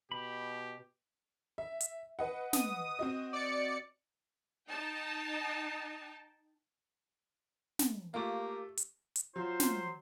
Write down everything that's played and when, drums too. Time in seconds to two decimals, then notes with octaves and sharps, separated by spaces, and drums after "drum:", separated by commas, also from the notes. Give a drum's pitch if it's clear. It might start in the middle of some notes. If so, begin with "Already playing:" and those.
0.12 B2 G4 B5
1.58 E5
1.80 drum: hi-hat
2.19 B4 D#5 F#5
2.53 D#6, drum: snare
2.99 C4 F#4 D#5
3.33 D5 C#7
4.68 D#4 G5 A5
7.79 drum: snare
8.14 A3 A#3 F4 G4 D6
8.77 drum: hi-hat
9.16 drum: hi-hat
9.36 F#3 F4 C5
9.60 drum: snare